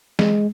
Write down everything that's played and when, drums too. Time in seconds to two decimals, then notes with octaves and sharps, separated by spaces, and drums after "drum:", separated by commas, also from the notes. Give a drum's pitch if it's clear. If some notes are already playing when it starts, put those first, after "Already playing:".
0.19 G#3, drum: snare